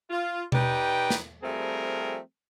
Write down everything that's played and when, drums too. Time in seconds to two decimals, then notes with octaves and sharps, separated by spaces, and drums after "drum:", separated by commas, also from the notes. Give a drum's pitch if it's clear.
0.10 F4
0.52 D#4 G4 B4 D5 G5, drum: tom B2
1.10 drum: snare
1.43 F3 G3 A3 C4 G#4 A#4